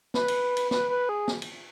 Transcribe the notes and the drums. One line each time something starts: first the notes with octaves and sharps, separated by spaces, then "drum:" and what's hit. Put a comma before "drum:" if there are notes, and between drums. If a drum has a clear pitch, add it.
B4, drum: snare
drum: cymbal
drum: cymbal
B4, drum: snare
B4
G#4
drum: snare
drum: cymbal